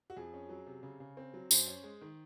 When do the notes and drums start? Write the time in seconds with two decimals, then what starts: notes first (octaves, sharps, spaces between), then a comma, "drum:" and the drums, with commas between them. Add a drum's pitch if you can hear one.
0.10 F#4
0.17 F2 G#4
0.34 C#4
0.49 F#3
0.66 C3
0.83 C#3
1.00 C#3
1.17 C4
1.34 F#3
1.51 F#2 C5, drum: tambourine
1.68 C#4
1.83 G#3
2.01 D#3